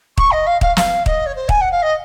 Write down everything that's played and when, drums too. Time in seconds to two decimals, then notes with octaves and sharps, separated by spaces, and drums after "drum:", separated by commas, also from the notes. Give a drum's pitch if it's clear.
0.18 C#6, drum: kick
0.31 D#5
0.46 F5
0.61 F5, drum: kick
0.77 F5, drum: snare
1.06 D#5, drum: kick
1.26 C#5
1.35 C5
1.49 G#5, drum: kick
1.61 F#5
1.71 F5
1.82 D#5